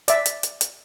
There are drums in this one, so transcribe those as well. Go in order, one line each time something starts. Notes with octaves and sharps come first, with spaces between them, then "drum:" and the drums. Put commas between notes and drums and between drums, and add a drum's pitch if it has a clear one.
D5 E5, drum: hi-hat
drum: hi-hat
drum: hi-hat
drum: hi-hat